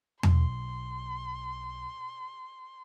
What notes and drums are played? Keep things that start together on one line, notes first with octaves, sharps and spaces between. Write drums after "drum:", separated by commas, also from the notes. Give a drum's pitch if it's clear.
B1 C6, drum: tom E2